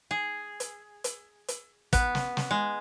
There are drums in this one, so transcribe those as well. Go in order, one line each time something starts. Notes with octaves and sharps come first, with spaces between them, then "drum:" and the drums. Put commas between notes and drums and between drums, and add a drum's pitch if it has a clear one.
G#4
drum: hi-hat
drum: hi-hat
drum: hi-hat
B3, drum: kick, hi-hat
drum: snare
drum: snare
G#3